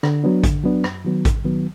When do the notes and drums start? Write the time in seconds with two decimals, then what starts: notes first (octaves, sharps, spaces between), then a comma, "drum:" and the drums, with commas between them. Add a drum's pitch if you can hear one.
0.03 D3, drum: rim click
0.24 F#3 B3 D4
0.43 D3, drum: kick A1, hi-hat
0.64 F#3 B3 D4
0.84 F#2, drum: rim click
1.05 D#3 F#3 B3
1.25 F#2, drum: kick A1, hi-hat
1.45 D#3 F#3 B3